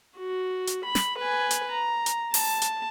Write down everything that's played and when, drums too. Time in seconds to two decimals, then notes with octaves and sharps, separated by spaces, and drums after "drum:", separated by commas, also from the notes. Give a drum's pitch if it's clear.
0.18 F#4
0.67 drum: hi-hat
0.85 B5
0.95 drum: snare
1.19 B4 G#5
1.51 drum: hi-hat
1.72 A#5
2.06 drum: hi-hat
2.34 A5, drum: open hi-hat
2.62 drum: hi-hat